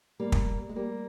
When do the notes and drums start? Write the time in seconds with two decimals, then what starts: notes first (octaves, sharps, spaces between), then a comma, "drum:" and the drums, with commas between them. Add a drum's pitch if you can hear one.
0.20 G3 A#3
0.32 drum: kick
0.69 G#3
0.76 G3 A#3